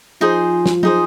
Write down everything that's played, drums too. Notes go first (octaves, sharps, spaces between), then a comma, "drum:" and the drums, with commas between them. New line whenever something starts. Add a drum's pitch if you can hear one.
F3 D#4 G#4 C5
drum: snare
D#4 G#4 C5, drum: tom F#3